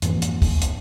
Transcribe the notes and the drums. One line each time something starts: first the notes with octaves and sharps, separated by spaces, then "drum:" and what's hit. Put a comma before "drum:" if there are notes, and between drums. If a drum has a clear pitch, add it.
F2 G#2 E3 A#3, drum: hi-hat
drum: hi-hat
drum: kick, open hi-hat
drum: hi-hat